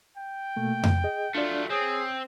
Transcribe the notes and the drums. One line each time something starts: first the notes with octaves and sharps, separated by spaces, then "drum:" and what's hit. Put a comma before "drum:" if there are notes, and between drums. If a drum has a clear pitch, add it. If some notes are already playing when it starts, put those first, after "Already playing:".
G5
B2 A3 A#3
drum: tom F2
G#4 D#5
F#3 A3 D4 F4 D5
C4 G#4 C#5 D#6